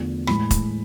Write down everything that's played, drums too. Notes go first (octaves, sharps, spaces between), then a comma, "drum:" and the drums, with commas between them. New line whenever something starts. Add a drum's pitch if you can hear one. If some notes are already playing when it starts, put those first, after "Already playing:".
Already playing: E2 D3 F3 A3
A2 E3 G#3 B5, drum: rim click
drum: kick, hi-hat